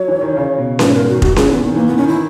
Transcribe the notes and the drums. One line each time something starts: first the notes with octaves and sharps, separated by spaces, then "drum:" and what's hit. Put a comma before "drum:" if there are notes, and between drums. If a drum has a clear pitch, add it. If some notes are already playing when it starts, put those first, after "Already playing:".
Already playing: F#3 C#5
E3
D#3
C#3
B2
G#2 B4, drum: snare C#4
B2 A#4
D#3 F#4
F#3 F#4, drum: kick F1
F#3 G#4, drum: snare C#4
E3 B3
D#3 B3
E3 A#3
D#3 B3
D#3 C#4
E4